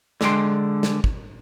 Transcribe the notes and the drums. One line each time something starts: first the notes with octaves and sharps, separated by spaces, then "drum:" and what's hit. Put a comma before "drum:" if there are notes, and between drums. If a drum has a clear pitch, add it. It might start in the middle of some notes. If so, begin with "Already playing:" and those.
D3 G#3 D4 G5 C6, drum: snare
drum: snare
drum: kick